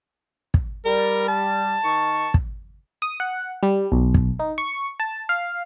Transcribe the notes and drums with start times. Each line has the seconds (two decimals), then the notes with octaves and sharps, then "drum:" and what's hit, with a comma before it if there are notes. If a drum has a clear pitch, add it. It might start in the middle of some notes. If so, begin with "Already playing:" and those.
0.54 drum: kick
0.85 G3 A#4
1.28 A5
1.84 D#3 C#6
2.34 drum: kick
3.02 D#6
3.20 F#5
3.63 G3
3.92 B1
4.14 drum: kick
4.40 D#4
4.58 C#6
5.00 A5
5.29 F5